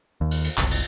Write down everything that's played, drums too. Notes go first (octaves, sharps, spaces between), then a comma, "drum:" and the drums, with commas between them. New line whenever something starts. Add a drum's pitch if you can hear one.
D#2
drum: cymbal
drum: cymbal
F#1 C2, drum: clap
drum: cymbal